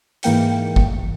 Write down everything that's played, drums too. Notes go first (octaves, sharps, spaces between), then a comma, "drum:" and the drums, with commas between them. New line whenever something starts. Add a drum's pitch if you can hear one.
G#2 E3 A#3 G5 C#7, drum: hi-hat
drum: kick